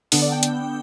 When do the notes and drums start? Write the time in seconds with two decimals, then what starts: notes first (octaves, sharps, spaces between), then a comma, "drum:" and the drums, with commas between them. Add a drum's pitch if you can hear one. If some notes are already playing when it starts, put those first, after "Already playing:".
0.12 D3 B3 D4 A4 A5, drum: open hi-hat
0.22 D5 D6
0.32 G5 G6
0.43 drum: hi-hat